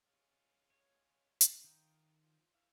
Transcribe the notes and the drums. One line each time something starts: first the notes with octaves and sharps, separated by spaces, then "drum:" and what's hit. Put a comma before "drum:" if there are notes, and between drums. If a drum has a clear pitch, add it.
G#3 C#4 F4
C#5
drum: hi-hat
D#3 F4 A#4 D#5 G5
F3
E3 E5 F5